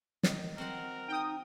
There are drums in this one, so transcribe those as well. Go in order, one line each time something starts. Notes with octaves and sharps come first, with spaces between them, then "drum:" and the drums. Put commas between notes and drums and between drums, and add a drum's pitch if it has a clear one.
D#3, drum: snare
C4 F#4 A#4 F#5
D#4 G5 D#6